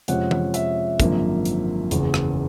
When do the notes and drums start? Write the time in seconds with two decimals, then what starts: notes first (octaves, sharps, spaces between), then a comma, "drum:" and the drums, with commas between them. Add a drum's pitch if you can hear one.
0.08 F2 C3 F3 G#3 C#4 F#5, drum: hi-hat
0.31 drum: tom
0.54 E5, drum: hi-hat
1.00 G#1 F#2 D3 F3 A#3, drum: kick, hi-hat
1.45 drum: hi-hat
1.91 F#1 E2 C#3, drum: hi-hat
2.14 drum: rim click